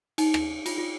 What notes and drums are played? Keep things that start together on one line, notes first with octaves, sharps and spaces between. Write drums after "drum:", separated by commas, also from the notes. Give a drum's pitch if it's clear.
D#4, drum: cymbal
drum: rim click
F4, drum: cymbal
F4